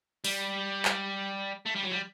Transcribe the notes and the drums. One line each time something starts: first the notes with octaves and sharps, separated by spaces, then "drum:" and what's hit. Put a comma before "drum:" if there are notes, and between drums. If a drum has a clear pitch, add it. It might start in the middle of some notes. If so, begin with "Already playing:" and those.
G3, drum: open hi-hat
drum: clap
A3
G3
F#3
G3